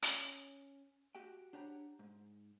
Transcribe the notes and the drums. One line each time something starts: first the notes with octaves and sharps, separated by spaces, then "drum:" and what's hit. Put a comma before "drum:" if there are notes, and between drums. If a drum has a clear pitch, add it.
C#4, drum: hi-hat
F#4 G4 F#5 G5
D4 G4 C#5 F#5 A#5
G#2